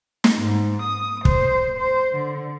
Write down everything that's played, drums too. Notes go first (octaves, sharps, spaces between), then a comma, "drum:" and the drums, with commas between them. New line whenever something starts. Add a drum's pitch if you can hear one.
drum: snare
G#2
D#6
C5, drum: kick
C5
D3